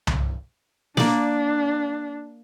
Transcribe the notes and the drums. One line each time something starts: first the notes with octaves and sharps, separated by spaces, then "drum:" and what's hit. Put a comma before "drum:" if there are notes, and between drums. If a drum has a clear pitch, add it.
drum: tom C2
A#3 D4 D5, drum: snare